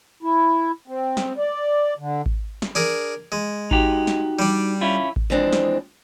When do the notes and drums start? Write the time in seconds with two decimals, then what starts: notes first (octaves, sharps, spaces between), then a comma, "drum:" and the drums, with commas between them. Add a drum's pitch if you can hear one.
0.23 E4
0.88 C4
1.17 drum: snare
1.38 D5
1.98 D3
2.26 drum: kick G#1
2.62 drum: snare
2.75 D4 G#4 A#4
3.32 G#3
3.71 D#4 F#4 G4, drum: kick G#1
4.07 drum: snare
4.39 G3 D4
4.81 C#4 E4 F4
5.16 drum: kick G#1
5.30 F2 E3 G#3 C4 D4
5.53 drum: snare